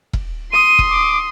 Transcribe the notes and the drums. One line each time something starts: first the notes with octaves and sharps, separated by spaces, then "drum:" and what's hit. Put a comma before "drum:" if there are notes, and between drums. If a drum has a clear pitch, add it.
drum: kick E1
C6 D#6 D#7
drum: kick E1
D6